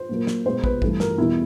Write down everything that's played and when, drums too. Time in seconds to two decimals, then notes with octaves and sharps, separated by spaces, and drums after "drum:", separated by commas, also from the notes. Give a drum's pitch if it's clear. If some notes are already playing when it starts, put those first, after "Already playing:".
Already playing: C5
0.09 A#2 F#3 A#3
0.27 drum: snare
0.46 B2 G#3 B3 C5
0.64 B4, drum: kick
0.82 G2 E3 A3, drum: kick
1.00 A#4, drum: snare
1.18 E2 B2 G3 B3 E4